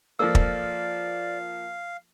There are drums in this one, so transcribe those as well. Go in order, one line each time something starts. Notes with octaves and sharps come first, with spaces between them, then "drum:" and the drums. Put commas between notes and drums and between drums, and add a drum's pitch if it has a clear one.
F3 A#3 A4 D5 F5 E6
drum: kick